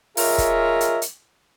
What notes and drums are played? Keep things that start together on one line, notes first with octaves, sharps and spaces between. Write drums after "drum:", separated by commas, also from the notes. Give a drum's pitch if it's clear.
F4 G#4 A#4 C#5 D#5 E5, drum: open hi-hat
drum: kick, hi-hat
drum: hi-hat
drum: hi-hat